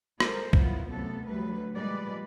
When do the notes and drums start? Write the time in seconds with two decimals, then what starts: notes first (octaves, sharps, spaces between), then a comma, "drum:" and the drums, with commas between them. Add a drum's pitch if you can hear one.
0.20 G3 G#3 A4 A#4 C5, drum: rim click
0.53 F#3 B3 E4 F4, drum: kick C2
0.89 F#2 C3 A3 B3 A4
1.27 D2 F#3 G3 A3 B4
1.74 A#2 F3 G3 G#3 B4 D5